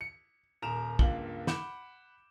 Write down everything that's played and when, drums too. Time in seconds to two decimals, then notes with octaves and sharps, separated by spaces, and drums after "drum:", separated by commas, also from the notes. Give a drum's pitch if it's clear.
0.01 C#7
0.62 D#1 A#4 A#5 E7 F7
0.99 C#2 G2 A#3 F4 F#7 G7, drum: kick
1.47 F#5 B5 D6 G6 E7, drum: snare